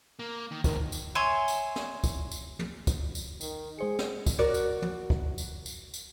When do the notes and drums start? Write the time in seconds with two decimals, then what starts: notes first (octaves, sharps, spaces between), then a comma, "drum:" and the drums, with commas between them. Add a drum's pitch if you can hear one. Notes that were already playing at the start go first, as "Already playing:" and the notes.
0.19 A#3
0.52 D#3
0.64 D2 G#2 B2 D#3, drum: kick, tambourine
0.92 drum: tambourine
1.15 C#5 E5 G#5 C6
1.48 drum: tambourine
1.76 drum: snare
2.04 drum: kick, tambourine
2.31 drum: tambourine
2.59 drum: tom
2.87 drum: kick, tambourine
3.15 drum: tambourine
3.41 D#3, drum: tambourine
3.79 G#3 G#4 C5 C#7
3.99 drum: snare
4.27 drum: kick, tambourine
4.39 F#4 A#4 D5
4.54 drum: tambourine
4.82 drum: tom
5.10 drum: kick
5.38 drum: tambourine
5.66 drum: tambourine
5.94 drum: tambourine